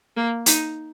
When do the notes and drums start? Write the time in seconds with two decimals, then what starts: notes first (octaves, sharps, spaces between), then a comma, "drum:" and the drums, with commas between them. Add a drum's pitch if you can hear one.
0.16 A#3
0.46 D#4, drum: hi-hat